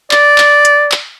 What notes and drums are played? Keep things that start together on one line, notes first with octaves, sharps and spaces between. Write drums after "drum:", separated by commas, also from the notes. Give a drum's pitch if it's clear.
D5, drum: clap
drum: clap
drum: hi-hat
drum: clap